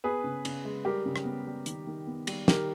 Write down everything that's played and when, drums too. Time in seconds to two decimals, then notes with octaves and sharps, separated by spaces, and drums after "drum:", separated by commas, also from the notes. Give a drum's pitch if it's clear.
0.04 B3 G#4 B4
0.24 C#3
0.45 C#3, drum: cymbal
0.65 G#3
0.85 G3 G4 A#4
1.06 C#3
1.16 drum: rim click
1.25 B3
1.46 G3
1.66 D#3, drum: hi-hat
1.87 D#3
2.07 B3
2.27 G3, drum: cymbal
2.48 D#3 G4 A#4, drum: snare